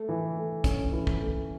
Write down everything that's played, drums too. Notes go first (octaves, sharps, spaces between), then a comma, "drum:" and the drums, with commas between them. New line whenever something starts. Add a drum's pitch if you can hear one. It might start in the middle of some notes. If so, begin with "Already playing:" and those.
Already playing: A3
E3
A3
C#4, drum: kick, hi-hat
E3
drum: kick
A3